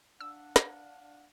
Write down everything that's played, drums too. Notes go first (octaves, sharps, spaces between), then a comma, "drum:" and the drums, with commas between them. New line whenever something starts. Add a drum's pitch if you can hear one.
D4 F5 F#5 E6
drum: snare